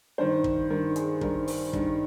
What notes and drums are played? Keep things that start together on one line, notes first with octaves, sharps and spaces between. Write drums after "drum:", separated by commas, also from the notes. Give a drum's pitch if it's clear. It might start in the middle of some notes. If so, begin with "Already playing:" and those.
G2 D#3 C5
drum: kick
G2 D#3 A#4
G#4, drum: hi-hat
G2 D#3 A#4, drum: kick
drum: open hi-hat
G2 D#3, drum: kick